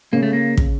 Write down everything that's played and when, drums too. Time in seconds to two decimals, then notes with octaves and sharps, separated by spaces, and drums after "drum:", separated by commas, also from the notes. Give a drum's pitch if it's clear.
0.12 C#3 A#3
0.23 A3
0.33 A#3
0.57 drum: kick